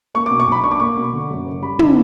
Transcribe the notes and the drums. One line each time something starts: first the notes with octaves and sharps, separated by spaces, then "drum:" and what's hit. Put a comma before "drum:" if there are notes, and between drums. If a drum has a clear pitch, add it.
A#3 C#6
D6
B2
C#6
B1
B5
D4 C#6
D6
A#3 C#6
B2
D3
F#2
F#1
G3 B5
D3, drum: tom